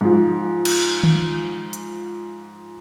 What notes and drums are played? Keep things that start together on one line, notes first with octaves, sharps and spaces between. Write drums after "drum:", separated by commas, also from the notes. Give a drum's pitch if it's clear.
G#2 F3
drum: cymbal
drum: tom D#3
drum: hi-hat